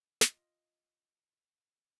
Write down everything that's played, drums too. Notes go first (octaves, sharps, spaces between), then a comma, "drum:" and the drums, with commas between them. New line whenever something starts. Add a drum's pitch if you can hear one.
F4 D#5, drum: snare